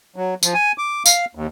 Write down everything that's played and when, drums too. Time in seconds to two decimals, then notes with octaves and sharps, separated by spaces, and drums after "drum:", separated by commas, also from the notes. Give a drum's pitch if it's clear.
0.16 F#3
0.43 F3, drum: tambourine
0.54 G#5
0.78 D6
1.06 F5, drum: tambourine
1.35 D#2